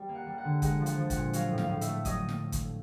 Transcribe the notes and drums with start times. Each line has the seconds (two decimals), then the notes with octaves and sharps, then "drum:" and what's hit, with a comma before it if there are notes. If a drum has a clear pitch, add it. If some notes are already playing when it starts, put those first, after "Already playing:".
Already playing: G3
0.09 A#3
0.15 F#5
0.26 G3
0.38 F#5
0.45 D3
0.62 G#3 F#5, drum: kick, hi-hat
0.80 F3
0.86 F#5, drum: hi-hat
0.98 F3
1.10 F#5, drum: kick, hi-hat
1.16 A#2
1.33 F#3 F5, drum: hi-hat
1.51 A2
1.58 F5, drum: snare
1.70 A2
1.81 E5, drum: hi-hat
1.87 A3
2.05 F#3 D#5, drum: kick, hi-hat
2.29 drum: snare
2.52 drum: kick, hi-hat